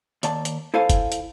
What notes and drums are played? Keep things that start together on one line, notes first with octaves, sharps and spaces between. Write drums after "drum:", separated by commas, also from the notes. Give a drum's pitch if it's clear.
D#2 D5 A5, drum: hi-hat
drum: hi-hat
E4 A4 C5 F5 G#5 A5
drum: kick F#1, hi-hat
drum: hi-hat